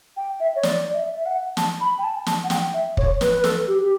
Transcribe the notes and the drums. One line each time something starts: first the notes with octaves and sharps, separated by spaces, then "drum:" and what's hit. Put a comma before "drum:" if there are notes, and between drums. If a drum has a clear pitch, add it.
G5
E5
C#5
D5, drum: snare
D5
E5
E5
F#5
A5, drum: snare
B5
G5
A5
A5, drum: snare
F#5
G5, drum: snare
E5
C#5, drum: kick
B4, drum: snare
B4
A4, drum: snare
G4
G4